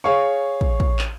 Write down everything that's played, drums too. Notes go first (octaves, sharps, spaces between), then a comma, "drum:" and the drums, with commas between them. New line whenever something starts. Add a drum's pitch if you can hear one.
G#4 C#5 F5 C#6
drum: kick
drum: kick
drum: clap